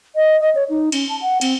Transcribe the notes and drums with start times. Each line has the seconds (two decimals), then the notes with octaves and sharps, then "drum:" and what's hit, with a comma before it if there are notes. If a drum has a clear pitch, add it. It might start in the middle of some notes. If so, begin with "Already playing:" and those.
0.16 D#5
0.40 D#5
0.55 C#5
0.70 D#4
0.92 C#4, drum: cymbal
1.09 A5
1.21 F#5
1.41 C4, drum: cymbal